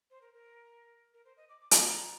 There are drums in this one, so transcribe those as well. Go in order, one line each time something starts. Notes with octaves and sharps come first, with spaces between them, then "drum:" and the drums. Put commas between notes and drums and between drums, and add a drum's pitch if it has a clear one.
C5
A#4
A#4
A#4
C5
D#5
D6
D6
C6, drum: hi-hat
A#5